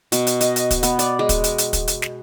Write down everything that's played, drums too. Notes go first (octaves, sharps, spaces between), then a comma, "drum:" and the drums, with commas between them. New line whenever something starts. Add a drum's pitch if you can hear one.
B2, drum: hi-hat
drum: hi-hat
D#5, drum: hi-hat
drum: hi-hat
drum: kick, hi-hat
B3, drum: hi-hat
D5, drum: hi-hat
G#3
drum: kick, hi-hat
drum: hi-hat
drum: hi-hat
drum: kick, hi-hat
drum: hi-hat
drum: snare